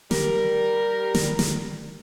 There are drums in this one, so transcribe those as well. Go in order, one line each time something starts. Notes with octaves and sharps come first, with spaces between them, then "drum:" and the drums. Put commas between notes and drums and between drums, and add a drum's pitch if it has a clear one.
G3 A#4, drum: snare
drum: snare
drum: snare